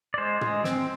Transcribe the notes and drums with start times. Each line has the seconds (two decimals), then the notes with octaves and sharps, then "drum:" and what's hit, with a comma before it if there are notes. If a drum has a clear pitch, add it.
0.14 D5
0.18 G#3 C5
0.41 G#3, drum: tom
0.64 C4, drum: snare